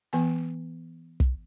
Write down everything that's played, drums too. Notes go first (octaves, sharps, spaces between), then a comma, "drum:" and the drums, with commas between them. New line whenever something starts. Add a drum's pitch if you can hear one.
E3 B3 G#5
drum: kick, hi-hat